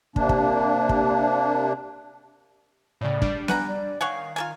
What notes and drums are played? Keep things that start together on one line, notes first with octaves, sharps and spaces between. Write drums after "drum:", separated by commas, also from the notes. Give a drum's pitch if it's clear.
C3 A#3 D4, drum: kick
drum: kick
drum: kick
A2 C#3 D5
G3 D4, drum: kick
B4 F#5 G#5 A#5, drum: snare B3
D5
D#3 C#5 F5 F#5 G#5
F4 A4 G#5 A#5